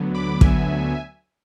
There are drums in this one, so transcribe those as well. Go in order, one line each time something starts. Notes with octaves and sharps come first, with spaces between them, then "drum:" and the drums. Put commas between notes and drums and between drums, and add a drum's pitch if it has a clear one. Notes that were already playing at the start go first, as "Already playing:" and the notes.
Already playing: D2 D3 F#3 B3
B5 D6
D2 D3 F#3 B3 E5 G#5, drum: kick